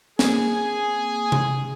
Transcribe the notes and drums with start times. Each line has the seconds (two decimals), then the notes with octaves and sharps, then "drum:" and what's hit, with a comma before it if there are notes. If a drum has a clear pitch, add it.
0.19 A#3 C4 G#4 G#5, drum: snare
1.32 drum: tom C3